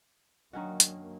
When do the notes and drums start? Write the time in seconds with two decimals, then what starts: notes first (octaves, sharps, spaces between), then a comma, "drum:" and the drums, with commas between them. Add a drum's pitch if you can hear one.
0.53 F#2 D#3 F#3 A#3 C#4 D4 F#4 D#5
0.80 drum: hi-hat